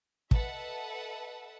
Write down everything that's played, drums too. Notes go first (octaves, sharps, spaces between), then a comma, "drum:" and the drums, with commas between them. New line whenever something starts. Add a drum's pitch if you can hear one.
A4 B4 D#5 E5 F#5 A5, drum: kick